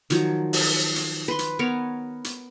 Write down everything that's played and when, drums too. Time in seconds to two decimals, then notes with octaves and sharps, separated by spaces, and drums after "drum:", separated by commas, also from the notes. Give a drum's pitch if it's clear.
0.10 D#3 F3 F#3, drum: hi-hat
0.53 drum: open hi-hat
0.96 drum: hi-hat
1.28 B4 C6
1.39 drum: hi-hat
1.59 B3 A#4 C#5
2.24 drum: hi-hat